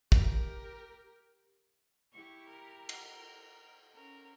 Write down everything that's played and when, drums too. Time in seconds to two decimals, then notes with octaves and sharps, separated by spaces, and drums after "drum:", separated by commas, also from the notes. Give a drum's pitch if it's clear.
0.12 G4 A#4, drum: kick
2.13 E4 G4 C#6
2.49 A#4
2.89 drum: cymbal
3.94 C#4 A#4